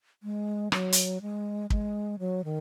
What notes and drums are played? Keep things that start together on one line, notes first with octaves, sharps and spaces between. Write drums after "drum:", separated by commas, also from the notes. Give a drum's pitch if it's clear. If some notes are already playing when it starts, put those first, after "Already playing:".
G#3
F#3, drum: rim click
drum: hi-hat
G#3
G#3, drum: kick
F#3
D#3